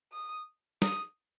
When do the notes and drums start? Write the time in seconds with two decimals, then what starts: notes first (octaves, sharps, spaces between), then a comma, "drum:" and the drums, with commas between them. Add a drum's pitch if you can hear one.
0.13 D#6
0.82 D#6, drum: snare